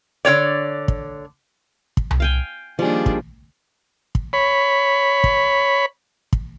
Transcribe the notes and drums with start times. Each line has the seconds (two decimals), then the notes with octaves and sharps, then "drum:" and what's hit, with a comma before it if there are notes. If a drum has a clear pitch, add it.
0.25 D3 F#4 C#5 D5
0.88 drum: kick
1.97 drum: kick
2.11 drum: tom C2
2.20 F5 G5 G#5
2.79 D#3 F3 G3 A#3 D4 G#4
3.06 drum: kick
4.15 drum: kick
4.33 C#5 B5
5.24 drum: kick
6.33 drum: kick